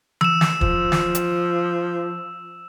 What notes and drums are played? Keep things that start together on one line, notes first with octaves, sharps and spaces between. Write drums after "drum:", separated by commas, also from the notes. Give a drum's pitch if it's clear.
E6 E7, drum: tom E3
drum: snare
F3, drum: kick
drum: snare
drum: hi-hat